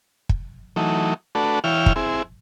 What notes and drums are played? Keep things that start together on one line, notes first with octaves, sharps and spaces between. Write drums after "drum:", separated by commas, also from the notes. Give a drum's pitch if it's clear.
drum: kick
E3 F#3 A3 D#4
A3 D4 F#4 A4 B4
E3 E4 C#5 F5 G5 F6
drum: kick
C4 E4 G#4